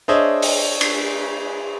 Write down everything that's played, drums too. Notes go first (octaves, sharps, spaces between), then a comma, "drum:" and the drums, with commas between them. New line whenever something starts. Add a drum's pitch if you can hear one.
D4 G#4 C5 C#5 D#5 E5
drum: open hi-hat
drum: cymbal